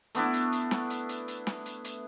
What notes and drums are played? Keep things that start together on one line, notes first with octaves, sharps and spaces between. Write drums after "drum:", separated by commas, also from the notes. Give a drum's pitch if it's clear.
A3 B3 D4 E4, drum: hi-hat
drum: hi-hat
drum: hi-hat
drum: snare
drum: hi-hat
drum: hi-hat
drum: hi-hat
drum: snare
drum: hi-hat
drum: hi-hat